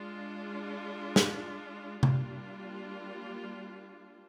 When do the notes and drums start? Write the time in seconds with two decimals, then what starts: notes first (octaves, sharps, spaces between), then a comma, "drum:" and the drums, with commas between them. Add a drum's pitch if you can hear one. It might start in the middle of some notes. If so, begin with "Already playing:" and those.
Already playing: G#3 D4 F4
1.16 drum: snare
2.03 G3 A#3 D4 F4, drum: tom C3